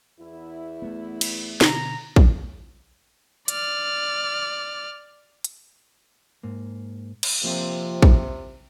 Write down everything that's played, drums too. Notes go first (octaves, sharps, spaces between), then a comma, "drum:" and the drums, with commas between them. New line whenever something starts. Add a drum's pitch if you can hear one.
E2 E4
A3 B3
drum: cymbal
B2 D3 A#5, drum: snare
drum: kick
D5 F6, drum: hi-hat
drum: hi-hat
G#2 A#3
drum: cymbal
C3 F3 A#3 C4 F4
drum: kick